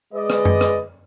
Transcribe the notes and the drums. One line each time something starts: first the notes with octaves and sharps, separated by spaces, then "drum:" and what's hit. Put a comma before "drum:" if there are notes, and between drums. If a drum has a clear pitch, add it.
G#3 B4 D5 D#5
drum: rim click
drum: tom F#2
drum: rim click